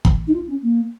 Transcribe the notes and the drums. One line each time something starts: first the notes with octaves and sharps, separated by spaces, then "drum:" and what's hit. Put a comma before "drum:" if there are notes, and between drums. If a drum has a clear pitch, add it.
drum: kick
D#4
F4
C#4
A#3